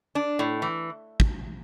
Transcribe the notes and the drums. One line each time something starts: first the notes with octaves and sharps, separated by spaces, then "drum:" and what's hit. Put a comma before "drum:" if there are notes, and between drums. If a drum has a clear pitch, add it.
D4
A2
E3
drum: kick